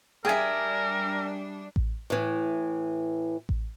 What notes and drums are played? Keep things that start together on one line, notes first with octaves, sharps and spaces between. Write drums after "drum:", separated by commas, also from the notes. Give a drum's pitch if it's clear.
G3 D4 G#4 A#4 E5 G5 G#5 G#6
drum: kick A1
A2 E3
drum: kick A1